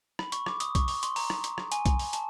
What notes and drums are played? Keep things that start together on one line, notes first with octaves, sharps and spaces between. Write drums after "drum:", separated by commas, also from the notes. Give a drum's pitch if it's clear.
B5, drum: rim click
C#6, drum: hi-hat
D6, drum: rim click
D#6, drum: hi-hat
C#6, drum: kick B1, hi-hat
C#6, drum: open hi-hat
C6, drum: hi-hat
A#5, drum: open hi-hat
drum: rim click
drum: hi-hat
drum: rim click
G#5, drum: hi-hat
drum: kick B1, hi-hat
drum: open hi-hat
A5, drum: hi-hat